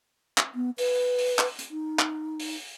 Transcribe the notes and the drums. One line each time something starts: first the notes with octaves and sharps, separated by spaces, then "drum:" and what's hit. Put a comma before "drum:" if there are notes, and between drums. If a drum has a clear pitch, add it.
drum: clap
B3
B4, drum: open hi-hat
drum: open hi-hat
drum: clap
drum: hi-hat
D#4
drum: clap
drum: open hi-hat